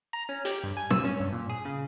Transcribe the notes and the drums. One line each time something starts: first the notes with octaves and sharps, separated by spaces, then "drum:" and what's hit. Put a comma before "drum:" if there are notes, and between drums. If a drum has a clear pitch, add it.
A#5
C#4
G4, drum: hi-hat
G2
G#5
E6, drum: tom
C#4
G2
A#2
G#4
C#3